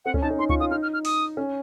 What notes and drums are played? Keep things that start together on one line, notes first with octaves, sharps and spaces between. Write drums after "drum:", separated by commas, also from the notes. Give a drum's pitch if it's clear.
C4 F#5
C#4, drum: kick C#2
D#4 A5
C#4
D#4 C6
F4 C#6, drum: kick C#2
F4 D#6
D#4 F6
F6
F6
D#6, drum: open hi-hat
C#4